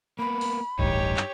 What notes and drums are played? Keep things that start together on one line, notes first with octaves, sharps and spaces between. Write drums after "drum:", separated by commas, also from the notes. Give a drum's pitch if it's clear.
A#3 B3 B5
drum: open hi-hat
D1 A1 G2 D#4 G4 C#5, drum: kick C2
drum: clap